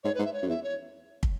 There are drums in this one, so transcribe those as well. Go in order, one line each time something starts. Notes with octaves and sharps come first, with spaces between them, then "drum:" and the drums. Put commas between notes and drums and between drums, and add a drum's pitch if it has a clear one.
G#2 C#5
B4
G#2
E5
C#5
F#2
E2 E5
C#5
drum: kick